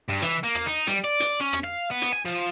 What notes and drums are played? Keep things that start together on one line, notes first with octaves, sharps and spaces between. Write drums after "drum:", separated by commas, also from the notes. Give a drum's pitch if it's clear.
G2
E3, drum: hi-hat
A#3
drum: rim click
D#4
G3, drum: hi-hat
D5
drum: hi-hat
C#4
drum: rim click
F5
B3
drum: hi-hat
G#5
F3